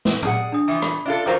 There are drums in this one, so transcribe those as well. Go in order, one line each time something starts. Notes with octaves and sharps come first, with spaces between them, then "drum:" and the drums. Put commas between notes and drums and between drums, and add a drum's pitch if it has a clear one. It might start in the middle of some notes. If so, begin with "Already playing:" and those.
drum: snare
G3 G#4 F#5, drum: tom
D4 D#6
E3 F3 G5 D#6
B5, drum: rim click
D4 F4 A4 E5
D#3 F#3 F4 A#4 C5 D6